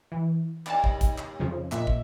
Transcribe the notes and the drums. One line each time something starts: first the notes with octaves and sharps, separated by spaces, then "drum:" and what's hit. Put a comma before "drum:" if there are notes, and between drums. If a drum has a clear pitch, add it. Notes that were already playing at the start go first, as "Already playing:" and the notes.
E3
D#2 D5 A5, drum: clap
drum: kick
drum: kick, hi-hat
drum: clap
F2 C#3 F3
A#2 E5, drum: clap
drum: kick